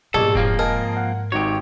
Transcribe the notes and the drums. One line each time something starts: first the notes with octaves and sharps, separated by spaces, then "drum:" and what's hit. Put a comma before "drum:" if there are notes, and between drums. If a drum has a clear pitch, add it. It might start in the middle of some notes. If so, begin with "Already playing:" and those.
A#1 G#2 B2 G4 A4 D#5 G#6
F3 A#3 C4, drum: kick E1
G#2 A#4 D#5 G#5 A5
F#5
G#1 D#4 F#4 G4 C#5